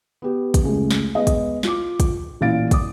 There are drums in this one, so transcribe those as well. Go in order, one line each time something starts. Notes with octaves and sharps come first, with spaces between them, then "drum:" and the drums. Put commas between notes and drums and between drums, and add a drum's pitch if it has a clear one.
B3 G4
drum: kick, hi-hat
C#2 F#2 G#3 A3
drum: snare
G#3 B3 D#5
drum: kick, hi-hat
F4 D6, drum: snare
drum: kick, hi-hat
A1 A#2 E4 F5 A6 D7
D6 D#6, drum: kick, hi-hat